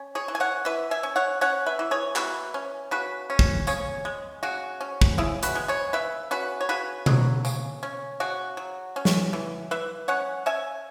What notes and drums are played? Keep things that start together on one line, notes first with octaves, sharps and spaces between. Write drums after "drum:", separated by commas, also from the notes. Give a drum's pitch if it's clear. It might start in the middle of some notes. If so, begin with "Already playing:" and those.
Already playing: C#4
G#4 C#5
E3
G#5
C#5 F#5
E3 B4 E5
E5 G#5
C#4
C#5 F#5
C#4 C#5 F#5
B4 E5
E3
G#4 C#5
E3 F#4 B4, drum: clap
C#4
C#3 F#4 B4
C#4
drum: kick
C#3 G#4 C#5, drum: tambourine
G#3
C#3 F#4
C#4
drum: kick
C#3 E4 G#4
F#4 B4, drum: hi-hat
G#3
G#4 C#5
C#3 B4 E5
C#4 F#4 B4
C#5
C#3 F#4 B4
F#3, drum: tom B2
C#3, drum: tambourine
C#4
C#3 F#4
F#3
C#4
drum: snare
E3
E3 B4 E5
C#4 C#5 F#5
C#4 E5 G#5